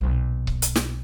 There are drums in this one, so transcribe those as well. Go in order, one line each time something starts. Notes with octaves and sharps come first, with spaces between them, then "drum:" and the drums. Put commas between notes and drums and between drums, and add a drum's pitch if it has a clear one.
B1 A#2
drum: kick C#1
drum: hi-hat
drum: snare